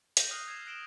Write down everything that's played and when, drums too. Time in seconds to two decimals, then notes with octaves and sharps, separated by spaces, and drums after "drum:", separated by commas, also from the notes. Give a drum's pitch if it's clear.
0.17 G6 A#6 D#7 F#7, drum: hi-hat
0.31 D#6 F6 F#6 C7 D#7 F7
0.47 E6 G#6 A#6 C7 D#7 E7
0.66 F#6 A#6 D7 E7 F#7 G7